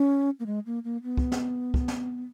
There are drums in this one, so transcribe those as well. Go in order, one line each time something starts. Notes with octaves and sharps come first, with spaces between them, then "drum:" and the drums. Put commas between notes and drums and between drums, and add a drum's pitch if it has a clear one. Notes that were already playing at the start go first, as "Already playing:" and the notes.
Already playing: C#4
A#3
G#3
A#3
A#3
B3
drum: kick
drum: snare
drum: kick
drum: snare